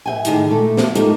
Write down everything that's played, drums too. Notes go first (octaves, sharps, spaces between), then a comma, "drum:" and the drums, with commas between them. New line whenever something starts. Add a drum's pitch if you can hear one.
E5 G5 G#5
A2 D3 D#3 D#4 G#4, drum: hi-hat
A#2 A3 A4
drum: snare
A3 A#3 D#4 F4 G4 A4, drum: hi-hat